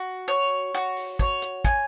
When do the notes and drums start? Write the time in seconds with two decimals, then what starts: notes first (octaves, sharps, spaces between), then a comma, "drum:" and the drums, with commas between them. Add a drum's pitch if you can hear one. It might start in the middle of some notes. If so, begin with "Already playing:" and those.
Already playing: F#4
0.28 C#5
0.74 F#4, drum: hi-hat
0.97 drum: open hi-hat
1.19 C#5, drum: kick, hi-hat
1.42 drum: hi-hat
1.65 G#5, drum: kick, hi-hat